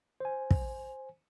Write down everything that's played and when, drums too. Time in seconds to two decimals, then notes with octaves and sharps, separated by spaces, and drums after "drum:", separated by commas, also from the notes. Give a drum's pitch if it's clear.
0.20 C5 G#5
0.51 drum: kick